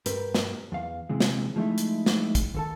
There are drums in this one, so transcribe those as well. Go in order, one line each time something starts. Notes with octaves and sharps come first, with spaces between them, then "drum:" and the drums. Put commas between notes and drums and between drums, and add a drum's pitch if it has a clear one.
G2 G4 A#4 B4, drum: hi-hat
drum: snare
E2 F5
C3 E3 G#3
drum: snare
F3 G#3 A3 D#4 E4
drum: hi-hat
drum: snare
drum: kick, hi-hat
D#2 A4 A5